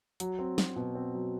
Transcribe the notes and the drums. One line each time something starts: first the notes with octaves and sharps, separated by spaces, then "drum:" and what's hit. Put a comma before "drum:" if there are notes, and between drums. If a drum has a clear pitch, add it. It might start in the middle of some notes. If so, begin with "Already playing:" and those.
F#3, drum: hi-hat
C4
F#3, drum: snare
B2
C4
F#3